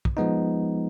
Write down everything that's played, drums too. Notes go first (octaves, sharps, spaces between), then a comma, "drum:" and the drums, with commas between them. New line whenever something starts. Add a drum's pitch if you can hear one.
drum: kick
F3 G#3 B3 D#4